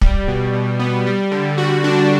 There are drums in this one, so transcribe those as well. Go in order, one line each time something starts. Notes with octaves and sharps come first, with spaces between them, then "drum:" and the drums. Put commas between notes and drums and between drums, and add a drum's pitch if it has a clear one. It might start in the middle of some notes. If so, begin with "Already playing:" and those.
G3, drum: kick
B2
B2
B3
G3
D3
F#4
D4